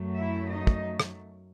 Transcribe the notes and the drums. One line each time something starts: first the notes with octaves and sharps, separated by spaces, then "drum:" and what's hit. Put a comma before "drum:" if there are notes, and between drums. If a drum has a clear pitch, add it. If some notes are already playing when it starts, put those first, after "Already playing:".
Already playing: F#2 F#3 A3
E4 E5
D#4 D#5
drum: kick
drum: rim click